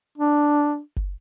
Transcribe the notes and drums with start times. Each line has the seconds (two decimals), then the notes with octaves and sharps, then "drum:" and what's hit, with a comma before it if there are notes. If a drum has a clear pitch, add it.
0.18 D4
0.96 drum: kick F#1